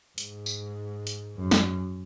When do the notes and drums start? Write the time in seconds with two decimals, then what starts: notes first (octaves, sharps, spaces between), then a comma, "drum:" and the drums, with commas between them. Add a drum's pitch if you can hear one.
0.18 G#2, drum: hi-hat
0.46 drum: tambourine
1.07 drum: hi-hat
1.37 F#2
1.51 drum: snare